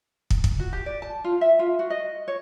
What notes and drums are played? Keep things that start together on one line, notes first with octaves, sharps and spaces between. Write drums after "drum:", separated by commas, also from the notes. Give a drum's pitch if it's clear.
drum: kick
drum: kick
F#4
G4
D5
A5
F4
E5
F4
F#4
D#5
C#5